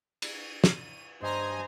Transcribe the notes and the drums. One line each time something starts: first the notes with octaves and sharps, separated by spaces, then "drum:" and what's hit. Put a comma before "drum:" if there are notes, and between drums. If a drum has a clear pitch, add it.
D#7, drum: cymbal
drum: snare
G2 C5 D#5 G#5 A#5